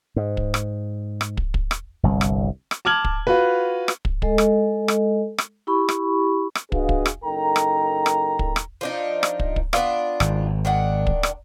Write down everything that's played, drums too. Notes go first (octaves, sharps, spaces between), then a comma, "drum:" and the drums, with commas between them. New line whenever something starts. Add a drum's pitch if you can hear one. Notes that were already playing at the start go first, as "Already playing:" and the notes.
G#2
drum: kick
drum: rim click
drum: rim click
drum: kick
drum: kick
drum: rim click
G1 C2 G2
drum: rim click
drum: rim click
A5 D6 F6 G#6 F#7
drum: kick
F4 F#4 B4
drum: rim click
drum: kick
G#3 A4 D#5, drum: kick
drum: rim click
drum: rim click
drum: rim click
E4 G4 B5 C#6
drum: rim click
drum: rim click
D4 F#4 G#4 B4 D#5 F5, drum: kick
drum: kick
drum: rim click
F#1 D#4 A4 A#4 G5 A#5
drum: rim click
drum: rim click
drum: kick
drum: rim click
F3 D4 D#4
drum: rim click
drum: kick
drum: kick
B3 D4 F4, drum: rim click
G#1, drum: rim click
D#3 D4 F#5
drum: kick
drum: rim click